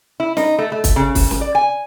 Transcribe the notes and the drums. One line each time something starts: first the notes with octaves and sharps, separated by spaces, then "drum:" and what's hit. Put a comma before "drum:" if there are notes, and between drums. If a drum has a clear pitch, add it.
E4
D#4, drum: snare
A3
A3
drum: kick, hi-hat
C#3
drum: kick, open hi-hat
drum: snare
D5
G#5